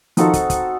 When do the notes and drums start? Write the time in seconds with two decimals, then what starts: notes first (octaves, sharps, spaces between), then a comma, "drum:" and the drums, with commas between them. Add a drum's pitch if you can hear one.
0.17 D#3 F3 C4 D#4 F#4 A4, drum: hi-hat
0.33 drum: kick, hi-hat
0.50 drum: kick, hi-hat